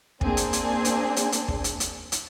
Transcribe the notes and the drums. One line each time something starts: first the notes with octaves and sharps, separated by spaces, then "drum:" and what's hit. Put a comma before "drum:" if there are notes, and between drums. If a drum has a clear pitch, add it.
A#3 C4 D4 G#4, drum: kick
drum: hi-hat
drum: hi-hat
drum: hi-hat
drum: hi-hat
drum: hi-hat
drum: kick
drum: hi-hat
drum: hi-hat
drum: hi-hat